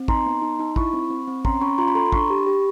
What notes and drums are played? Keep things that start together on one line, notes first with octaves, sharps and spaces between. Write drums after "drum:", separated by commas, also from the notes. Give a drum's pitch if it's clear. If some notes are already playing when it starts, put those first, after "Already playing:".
Already playing: C4
D#4 A#5 C6, drum: kick
B3
D#4
D#4
E4 B5 C#6, drum: kick
C4
C4
C4
C#4 A#5 C6, drum: kick
C#4 B5 C#6
F4 A#5 C6
B5
A4 A#5 C6
C6
D4 B5 C#6, drum: kick
G4
G4